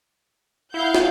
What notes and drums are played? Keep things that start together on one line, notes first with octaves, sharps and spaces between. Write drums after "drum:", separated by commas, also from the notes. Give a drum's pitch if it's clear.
E4 F5 F#5 G6
drum: snare